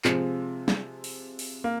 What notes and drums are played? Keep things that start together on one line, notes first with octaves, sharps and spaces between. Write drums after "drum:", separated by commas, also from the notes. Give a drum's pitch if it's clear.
C3 F3 G#3, drum: clap
drum: snare
drum: open hi-hat
drum: open hi-hat
A#3